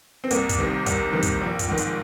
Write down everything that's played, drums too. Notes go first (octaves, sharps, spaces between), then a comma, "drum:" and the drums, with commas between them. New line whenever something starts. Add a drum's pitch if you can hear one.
C4
C2 A#3, drum: hi-hat
drum: kick, hi-hat
C3 D#3
C2, drum: kick, hi-hat
C3 D#3
drum: kick, hi-hat
A#1
drum: kick, hi-hat
G#2 D#3
drum: hi-hat